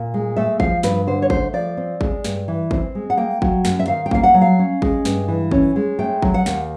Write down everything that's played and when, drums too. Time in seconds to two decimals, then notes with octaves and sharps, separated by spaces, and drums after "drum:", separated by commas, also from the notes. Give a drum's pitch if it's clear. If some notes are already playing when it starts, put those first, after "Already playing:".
Already playing: A#2
0.14 G#3
0.36 A3 E5
0.60 F3 F5, drum: kick G#1
0.83 G2 B4, drum: snare
1.07 D3 C5
1.22 C#5
1.30 A3 C5, drum: kick G#1
1.53 F3 D5
1.77 C4
2.01 G#3, drum: kick G#1
2.24 G2, drum: snare
2.48 E3
2.71 C4, drum: kick G#1
2.95 G#3
3.10 F#5
3.17 A#3 G5
3.42 F#3, drum: kick G#1
3.65 F#2, drum: snare
3.79 E5
3.88 D#3 F5
4.06 G5
4.11 A#3 F5, drum: kick G#1
4.23 F#5
4.34 F#3
4.41 F5
4.59 C#4
4.82 G#3, drum: kick G#1
5.05 G2, drum: snare
5.28 E3
5.51 C#4, drum: kick G#1
5.76 G#3
5.99 A3 G5
6.22 F#3, drum: kick G#1
6.34 F#5
6.46 D#2, drum: snare